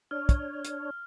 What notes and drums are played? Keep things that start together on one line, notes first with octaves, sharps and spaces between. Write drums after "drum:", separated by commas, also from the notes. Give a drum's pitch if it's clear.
D4 C#5 F6
drum: kick, hi-hat
drum: hi-hat